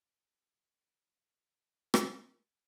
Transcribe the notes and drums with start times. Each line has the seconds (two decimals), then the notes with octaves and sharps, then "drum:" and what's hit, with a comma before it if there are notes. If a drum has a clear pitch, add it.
0.21 G#3 A3 A4
0.44 A#3 B3 E4
1.09 B4
1.30 A3 C4 E4
1.59 E3 C#4 A4 A#4 A#5
1.94 drum: rim click
2.35 F3 B4